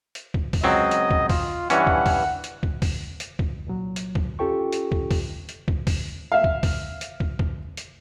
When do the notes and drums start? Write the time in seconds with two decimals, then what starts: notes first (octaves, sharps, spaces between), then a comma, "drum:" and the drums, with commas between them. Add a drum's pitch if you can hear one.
0.15 drum: hi-hat
0.34 drum: kick
0.53 drum: kick, open hi-hat
0.64 C#2 F#3 C4 D#5
0.91 drum: hi-hat
1.10 drum: kick
1.29 F4, drum: kick, open hi-hat
1.70 G2 E3 C#4 F#5, drum: hi-hat
1.87 drum: kick
2.06 drum: kick, open hi-hat
2.44 drum: hi-hat
2.63 drum: kick
2.82 drum: kick, open hi-hat
3.20 drum: hi-hat
3.39 drum: kick
3.67 C2 A#2 F#3
3.96 drum: hi-hat
4.15 drum: kick
4.39 C#4 F4 G4 A4 G5 C#6
4.73 drum: hi-hat
4.92 drum: kick
5.11 drum: kick, open hi-hat
5.49 drum: hi-hat
5.68 drum: kick
5.87 drum: kick, open hi-hat
6.32 E5 F5
6.44 drum: kick
6.63 drum: kick, open hi-hat
7.01 drum: hi-hat
7.20 drum: kick
7.39 drum: kick
7.77 drum: hi-hat